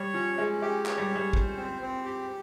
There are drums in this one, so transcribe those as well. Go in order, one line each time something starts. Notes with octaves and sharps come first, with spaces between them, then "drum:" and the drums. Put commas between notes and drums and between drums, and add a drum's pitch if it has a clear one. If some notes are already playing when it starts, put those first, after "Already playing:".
Already playing: G3 C#5
F3 C#4
G#3 C#4
G#3 G4
C#5, drum: clap
G3
C#4
G3
C5, drum: kick
C4
C4
G4